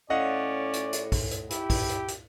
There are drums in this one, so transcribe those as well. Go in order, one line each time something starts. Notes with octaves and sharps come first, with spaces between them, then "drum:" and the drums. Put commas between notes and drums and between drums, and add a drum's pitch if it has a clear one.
A2 C#4 D5 D#5 F5 F#5
drum: hi-hat
drum: hi-hat
drum: kick, open hi-hat
drum: hi-hat
E4 G4, drum: hi-hat
drum: kick, open hi-hat
drum: hi-hat
drum: hi-hat